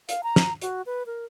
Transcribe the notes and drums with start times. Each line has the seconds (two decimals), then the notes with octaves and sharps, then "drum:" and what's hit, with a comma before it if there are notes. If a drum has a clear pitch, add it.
0.09 F5, drum: hi-hat
0.23 A#5
0.36 drum: snare
0.62 F#4, drum: hi-hat
0.86 B4
1.06 A#4